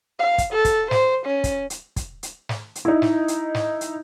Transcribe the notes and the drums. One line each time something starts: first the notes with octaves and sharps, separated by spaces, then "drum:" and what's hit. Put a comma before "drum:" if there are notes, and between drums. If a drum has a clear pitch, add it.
F5
drum: kick, hi-hat
A4
drum: kick, hi-hat
C5, drum: snare
C#4
drum: kick, hi-hat
drum: hi-hat
drum: kick, hi-hat
drum: hi-hat
drum: snare
drum: hi-hat
D#4 E4
drum: snare
drum: hi-hat
drum: snare
drum: hi-hat